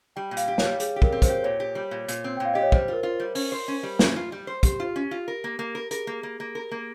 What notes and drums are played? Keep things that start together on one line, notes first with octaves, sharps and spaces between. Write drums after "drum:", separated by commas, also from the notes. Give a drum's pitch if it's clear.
G3 G5
A#2
F5, drum: hi-hat
G4
C#5, drum: snare
G3
G3 G#4, drum: hi-hat
G4
A#4, drum: kick
C4
C5, drum: kick, hi-hat
G4
A#2 C#5
G4
G3
A#2
A#2, drum: hi-hat
C4
A#2 G5
F5
G4 D#5
C#5
G3 C5, drum: kick
F4 A#4
F4
G3
C#4, drum: open hi-hat
C5
C#4
G3
C#4, drum: snare
F4
G3
C5
G4 C5, drum: kick, hi-hat
F4
C#4
F4
A#4
A#3
A#3
A#4
G#4 A#4, drum: hi-hat
A#3
A#3
A#3
A#4
A#3